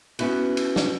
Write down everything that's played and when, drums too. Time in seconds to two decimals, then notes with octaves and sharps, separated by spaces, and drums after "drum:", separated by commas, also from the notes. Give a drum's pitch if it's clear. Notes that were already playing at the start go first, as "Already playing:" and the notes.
0.19 B3 C#4 E4 F#4 B4, drum: cymbal
0.57 drum: cymbal
0.76 drum: snare